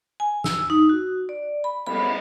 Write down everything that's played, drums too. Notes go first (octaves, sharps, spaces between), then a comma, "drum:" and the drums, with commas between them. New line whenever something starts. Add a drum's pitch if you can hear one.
G#5
E6, drum: snare
D#4
F#4
D5
B5
B5, drum: cymbal